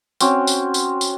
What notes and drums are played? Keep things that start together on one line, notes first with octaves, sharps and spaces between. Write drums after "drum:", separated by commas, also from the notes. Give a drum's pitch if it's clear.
C4 C#4 F#4, drum: tambourine
drum: tambourine
drum: tambourine
drum: tambourine